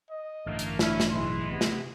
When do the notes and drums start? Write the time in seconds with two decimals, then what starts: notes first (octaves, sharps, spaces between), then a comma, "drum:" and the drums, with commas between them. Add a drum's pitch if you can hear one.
0.11 D#5
0.46 A1 G2 D3 A3 A#3
0.59 drum: hi-hat
0.79 C#4 D4 E4 F6, drum: snare
1.00 drum: snare
1.11 B1 E3 G#3 E4 C6
1.52 C3 B3
1.61 drum: snare